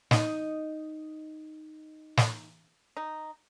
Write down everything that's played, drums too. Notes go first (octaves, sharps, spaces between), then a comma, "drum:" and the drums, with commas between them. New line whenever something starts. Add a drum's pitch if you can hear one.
D#4 D#5, drum: snare
drum: snare
D#4